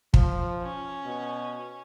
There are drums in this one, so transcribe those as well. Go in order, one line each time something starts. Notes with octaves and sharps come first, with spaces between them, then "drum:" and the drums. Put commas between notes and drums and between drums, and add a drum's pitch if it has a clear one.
F3, drum: kick
C#4
B2